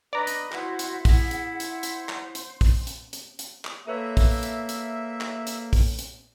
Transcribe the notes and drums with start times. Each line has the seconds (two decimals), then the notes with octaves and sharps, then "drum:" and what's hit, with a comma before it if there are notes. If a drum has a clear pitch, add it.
0.13 D4 B4 D5 D#5 A#5
0.27 drum: hi-hat
0.52 E4 F#4 C5 F#5, drum: clap
0.79 drum: hi-hat
1.05 E4 G#4, drum: kick, open hi-hat
1.31 drum: hi-hat
1.60 C5, drum: hi-hat
1.83 drum: hi-hat
2.09 drum: clap
2.35 drum: hi-hat
2.61 drum: kick, open hi-hat
2.87 drum: hi-hat
3.13 drum: hi-hat
3.39 drum: hi-hat
3.65 drum: clap
3.87 A#3 A4 B4 C#5 E5
4.17 drum: kick, open hi-hat
4.43 drum: hi-hat
4.69 drum: hi-hat
5.21 drum: clap
5.47 drum: hi-hat
5.73 drum: kick, open hi-hat
5.99 drum: hi-hat